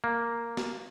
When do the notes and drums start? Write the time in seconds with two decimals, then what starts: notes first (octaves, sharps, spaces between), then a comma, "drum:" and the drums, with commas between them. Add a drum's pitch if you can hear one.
0.04 A#3
0.57 drum: snare